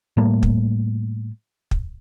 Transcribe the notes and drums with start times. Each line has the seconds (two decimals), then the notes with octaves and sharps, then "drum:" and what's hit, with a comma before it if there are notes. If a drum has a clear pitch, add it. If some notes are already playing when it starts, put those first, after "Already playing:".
0.17 A2 G3 A3 A#3
0.43 drum: kick
1.71 drum: kick